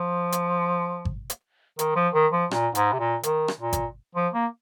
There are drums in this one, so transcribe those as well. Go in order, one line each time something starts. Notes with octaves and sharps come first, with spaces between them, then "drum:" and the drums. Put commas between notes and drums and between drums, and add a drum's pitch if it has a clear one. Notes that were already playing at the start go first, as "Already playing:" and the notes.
Already playing: F3
drum: hi-hat
drum: kick G#1
drum: hi-hat
D#3, drum: hi-hat
F3
D#3
F3
A#2, drum: rim click
G#2, drum: hi-hat
C3
A#2
D#3, drum: hi-hat
drum: rim click
A#2
drum: kick G#1, hi-hat
F3
A#3